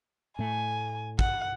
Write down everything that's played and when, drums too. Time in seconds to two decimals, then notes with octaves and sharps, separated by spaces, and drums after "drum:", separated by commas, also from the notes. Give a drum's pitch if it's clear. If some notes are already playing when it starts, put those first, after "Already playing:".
0.39 A2 A3 G#5
1.19 F#5, drum: kick